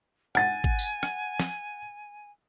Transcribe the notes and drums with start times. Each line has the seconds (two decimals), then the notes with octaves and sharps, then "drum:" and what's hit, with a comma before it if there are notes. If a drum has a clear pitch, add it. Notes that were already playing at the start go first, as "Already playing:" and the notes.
0.35 F#5 G#5 A6, drum: rim click
0.64 drum: kick
0.79 drum: tambourine
1.03 drum: rim click
1.39 drum: snare